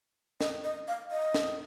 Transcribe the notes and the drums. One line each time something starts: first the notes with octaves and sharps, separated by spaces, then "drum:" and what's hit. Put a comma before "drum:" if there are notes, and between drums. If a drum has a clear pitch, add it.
D#5, drum: snare
D#5
F5
D#5
drum: snare